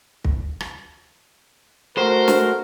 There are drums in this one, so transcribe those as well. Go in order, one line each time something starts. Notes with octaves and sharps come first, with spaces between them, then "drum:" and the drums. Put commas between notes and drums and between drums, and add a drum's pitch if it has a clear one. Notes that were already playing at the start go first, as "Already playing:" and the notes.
drum: kick
drum: rim click
A3 F#4 A#4 C5
drum: snare